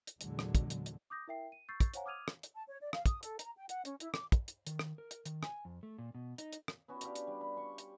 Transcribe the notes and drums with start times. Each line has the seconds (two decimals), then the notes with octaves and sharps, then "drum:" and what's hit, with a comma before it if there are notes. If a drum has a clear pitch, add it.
0.07 drum: hi-hat
0.21 E2 A#2 D3 F#3 G#3, drum: hi-hat
0.39 drum: rim click
0.55 drum: kick, hi-hat
0.70 drum: hi-hat
0.86 drum: hi-hat
1.10 D6 D#6 G6 A#6
1.28 E4 A#4 E5 G5 C7
1.52 D#7
1.69 C#6 E6 G6 A6 C7
1.80 drum: kick, hi-hat
1.94 C5 C#5 F5 F#5 G#5 A#5, drum: hi-hat
2.06 D6 D#6 F6 G#6 D#7 F7
2.28 drum: rim click
2.43 drum: hi-hat
2.54 A5
2.68 C#5
2.81 D5
2.93 F5, drum: rim click
3.06 D#6, drum: kick, hi-hat
3.23 A4, drum: hi-hat
3.39 A#5, drum: hi-hat
3.57 G5
3.69 F#5, drum: hi-hat
3.85 C#4, drum: hi-hat
4.00 E4, drum: hi-hat
4.14 D6, drum: rim click
4.32 drum: kick, hi-hat
4.48 drum: hi-hat
4.67 D#3, drum: hi-hat
4.79 drum: rim click
4.98 A#4
5.11 drum: hi-hat
5.25 D#3, drum: hi-hat
5.43 G#5, drum: rim click
5.65 F2
5.83 A3
5.98 A#2
6.15 B2
6.38 D#4, drum: hi-hat
6.53 drum: hi-hat
6.68 drum: rim click
6.88 B3 C#4 F#4
7.01 D4 G4 F5, drum: hi-hat
7.15 drum: hi-hat
7.27 G3
7.41 B5
7.56 C6 C#6
7.78 drum: hi-hat